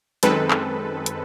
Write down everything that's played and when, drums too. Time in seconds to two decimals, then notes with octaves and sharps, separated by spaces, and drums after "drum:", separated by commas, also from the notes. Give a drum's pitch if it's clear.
0.23 F#2 D#3 G#3 C4 A4 B4, drum: hi-hat
0.51 drum: clap
1.06 drum: hi-hat